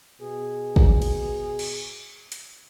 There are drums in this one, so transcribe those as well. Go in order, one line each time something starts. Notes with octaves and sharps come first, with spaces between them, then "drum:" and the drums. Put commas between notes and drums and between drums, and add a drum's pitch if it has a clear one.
B2 G#4
drum: kick
drum: cymbal
drum: cymbal
drum: hi-hat